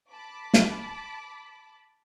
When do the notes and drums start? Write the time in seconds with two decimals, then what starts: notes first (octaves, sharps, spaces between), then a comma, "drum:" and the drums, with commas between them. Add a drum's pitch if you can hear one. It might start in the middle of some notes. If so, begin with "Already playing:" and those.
0.10 A5 B5 D6
0.54 drum: snare